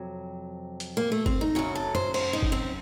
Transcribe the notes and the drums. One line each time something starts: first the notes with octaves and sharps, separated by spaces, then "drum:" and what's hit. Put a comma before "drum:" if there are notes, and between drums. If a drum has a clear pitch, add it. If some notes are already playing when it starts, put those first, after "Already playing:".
Already playing: F2 C3 F#3
drum: hi-hat
A#3
A3
C4, drum: kick
D#4
F#2 C#3 F#3 F#4
A4
C5, drum: tom
C5, drum: cymbal
D#4
drum: kick
C4